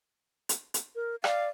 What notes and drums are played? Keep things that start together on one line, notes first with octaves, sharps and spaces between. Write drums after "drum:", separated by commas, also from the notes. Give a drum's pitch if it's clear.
drum: hi-hat
drum: hi-hat
A#4
D5 F5, drum: rim click